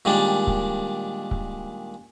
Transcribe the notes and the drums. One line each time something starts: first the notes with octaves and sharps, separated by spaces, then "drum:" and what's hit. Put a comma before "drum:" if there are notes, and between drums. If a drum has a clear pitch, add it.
A#2 D#3 G3 G#3 D4
drum: kick C#1
drum: kick C#1